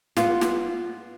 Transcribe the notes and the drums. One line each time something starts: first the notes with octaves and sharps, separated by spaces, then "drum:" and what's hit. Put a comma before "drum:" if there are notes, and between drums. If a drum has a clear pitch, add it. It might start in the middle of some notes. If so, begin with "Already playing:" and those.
B3 F4, drum: snare
drum: snare